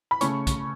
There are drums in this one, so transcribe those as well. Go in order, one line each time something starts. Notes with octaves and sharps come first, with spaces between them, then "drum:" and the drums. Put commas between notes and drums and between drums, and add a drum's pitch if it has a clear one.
B5
C#3 A3 C#4 C#6, drum: hi-hat
drum: kick, hi-hat